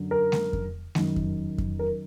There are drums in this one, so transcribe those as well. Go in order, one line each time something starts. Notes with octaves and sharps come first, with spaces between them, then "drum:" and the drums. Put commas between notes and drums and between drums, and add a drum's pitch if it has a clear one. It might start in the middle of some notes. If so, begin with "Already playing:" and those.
Already playing: F#2 D3
A#4
drum: snare G#3
drum: kick F2
F#2 D#3, drum: snare G#3
drum: kick F2
drum: kick F2
A#4